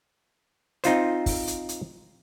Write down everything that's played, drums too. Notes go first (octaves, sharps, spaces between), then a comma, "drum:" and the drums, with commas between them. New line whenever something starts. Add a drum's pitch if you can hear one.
C4 D#4 F4 C5, drum: hi-hat
drum: kick, open hi-hat
drum: hi-hat
drum: hi-hat